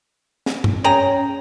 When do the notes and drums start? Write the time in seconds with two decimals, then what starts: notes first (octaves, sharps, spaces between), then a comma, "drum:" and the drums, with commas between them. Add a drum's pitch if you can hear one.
0.46 drum: snare
0.64 drum: tom
0.84 C#4 G#4 G5 A#5